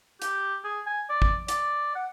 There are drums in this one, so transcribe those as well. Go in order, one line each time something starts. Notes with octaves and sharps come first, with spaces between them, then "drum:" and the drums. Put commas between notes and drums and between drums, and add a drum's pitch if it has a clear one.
G4, drum: hi-hat
G#4
G#5
D5
drum: kick
D5, drum: hi-hat
F#5